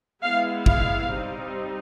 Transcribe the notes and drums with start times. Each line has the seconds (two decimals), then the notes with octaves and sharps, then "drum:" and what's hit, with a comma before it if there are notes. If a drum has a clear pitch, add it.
0.23 G#3 B3 E4 F5
0.66 F5, drum: kick
1.09 G3 C4 D#4